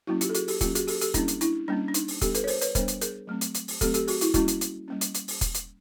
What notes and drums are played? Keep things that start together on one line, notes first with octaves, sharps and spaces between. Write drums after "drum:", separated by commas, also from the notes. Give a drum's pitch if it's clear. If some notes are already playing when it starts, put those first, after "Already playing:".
F#3 A#3 C#4 E4 F#4
F4 G4, drum: hi-hat
A4
F#4 G#4, drum: hi-hat
G4 A4, drum: open hi-hat
F#3 A#3 C#4 F4 G4, drum: kick, hi-hat
F#4 G#4, drum: hi-hat
G4 A4, drum: open hi-hat
G4 A4, drum: hi-hat
G3 A#3 C#4 D4 E4, drum: kick, hi-hat
drum: hi-hat
D4 E4, drum: hi-hat
G3 A#3 C#4 D4
D4
D#4, drum: hi-hat
drum: open hi-hat
G3 B3 D4 G4 A4, drum: kick, hi-hat
A4 B4, drum: hi-hat
C#5
A#4 C5, drum: open hi-hat
B4 C#5, drum: hi-hat
G3 B3 D4 A#4 C5, drum: kick, hi-hat
drum: hi-hat
G#4 A#4, drum: hi-hat
F#3 A3 C4
drum: hi-hat
drum: hi-hat
drum: open hi-hat
F#3 A3 C4 G4 A4, drum: kick, hi-hat
G4 A4, drum: hi-hat
F#4 G#4, drum: open hi-hat
E4 F#4, drum: hi-hat
G3 A#3 C#4 E4 F#4, drum: kick, hi-hat
drum: hi-hat
drum: hi-hat
G3 A#3 C#4
drum: hi-hat
drum: hi-hat
drum: open hi-hat
drum: kick, hi-hat
drum: hi-hat